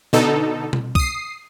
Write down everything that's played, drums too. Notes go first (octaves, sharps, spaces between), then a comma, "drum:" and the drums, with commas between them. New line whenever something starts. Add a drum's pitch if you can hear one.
B2 D3 D#4 A4
drum: tom B2
D#6 C7, drum: kick